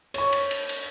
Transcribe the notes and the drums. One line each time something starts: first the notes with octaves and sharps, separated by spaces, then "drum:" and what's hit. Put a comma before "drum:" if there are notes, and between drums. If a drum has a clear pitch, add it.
C#5 C#6, drum: cymbal
drum: cymbal
drum: cymbal
drum: cymbal